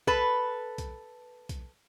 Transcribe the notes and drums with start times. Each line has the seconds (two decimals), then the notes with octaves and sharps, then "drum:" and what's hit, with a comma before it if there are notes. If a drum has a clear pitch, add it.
0.07 A4 B4, drum: kick B1
0.78 drum: kick B1, hi-hat
1.49 drum: kick B1, hi-hat